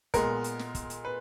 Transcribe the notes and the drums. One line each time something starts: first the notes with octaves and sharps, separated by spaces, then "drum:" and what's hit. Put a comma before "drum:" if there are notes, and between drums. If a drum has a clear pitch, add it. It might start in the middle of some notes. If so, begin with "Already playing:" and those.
A#2 G#3 B3 A#4, drum: kick, hi-hat
drum: hi-hat
drum: snare
drum: kick, hi-hat
drum: hi-hat
B4